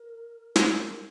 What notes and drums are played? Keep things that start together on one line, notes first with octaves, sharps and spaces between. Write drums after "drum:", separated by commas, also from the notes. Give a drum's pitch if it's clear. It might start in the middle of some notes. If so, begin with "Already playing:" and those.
Already playing: A#4
drum: snare